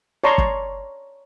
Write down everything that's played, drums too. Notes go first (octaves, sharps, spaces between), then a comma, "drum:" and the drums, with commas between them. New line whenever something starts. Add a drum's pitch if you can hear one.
C#5 D5 A5 A#5 C6 C#6
drum: kick